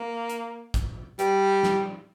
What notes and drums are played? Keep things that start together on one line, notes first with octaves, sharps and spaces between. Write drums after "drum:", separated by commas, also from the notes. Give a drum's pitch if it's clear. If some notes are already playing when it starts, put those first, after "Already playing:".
Already playing: A#3
drum: hi-hat
drum: kick, hi-hat
G3, drum: hi-hat
drum: snare